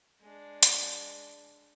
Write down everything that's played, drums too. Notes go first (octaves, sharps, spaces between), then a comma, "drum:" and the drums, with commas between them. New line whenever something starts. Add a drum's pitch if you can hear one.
G#3 D4
drum: hi-hat